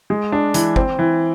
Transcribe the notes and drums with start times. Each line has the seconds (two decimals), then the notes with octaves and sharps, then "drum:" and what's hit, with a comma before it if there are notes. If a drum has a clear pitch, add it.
0.10 G#3
0.32 D4
0.54 E3, drum: hi-hat
0.76 C4, drum: kick
0.99 E3